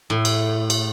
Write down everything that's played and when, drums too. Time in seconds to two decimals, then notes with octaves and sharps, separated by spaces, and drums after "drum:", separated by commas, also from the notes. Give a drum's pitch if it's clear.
0.10 A2
0.25 drum: cymbal
0.70 drum: cymbal